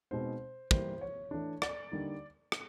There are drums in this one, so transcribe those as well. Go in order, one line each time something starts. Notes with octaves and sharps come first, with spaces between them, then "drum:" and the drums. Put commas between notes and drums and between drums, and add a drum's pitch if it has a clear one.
B2 G#3 C4 D#4 C5
E3 G3 A#3 C5, drum: kick
C#5
E3 A3 D4
D5, drum: rim click
D3 G3 A#3 D#4
drum: rim click